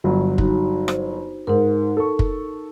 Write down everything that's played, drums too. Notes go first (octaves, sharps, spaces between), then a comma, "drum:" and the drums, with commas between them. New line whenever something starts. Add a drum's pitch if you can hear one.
G1 F#3
D#4 F#4, drum: kick
C5, drum: rim click
G#2 D#4 A#4
A4 C#6
drum: kick